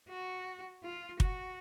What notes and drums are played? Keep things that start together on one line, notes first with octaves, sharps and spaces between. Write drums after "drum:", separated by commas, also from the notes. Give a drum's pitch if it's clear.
F#4
F4
F#4, drum: kick